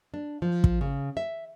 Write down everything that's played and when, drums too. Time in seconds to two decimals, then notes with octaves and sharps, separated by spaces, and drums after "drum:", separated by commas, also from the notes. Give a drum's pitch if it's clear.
0.14 D4
0.42 F3
0.64 drum: kick
0.81 C#3
1.17 E5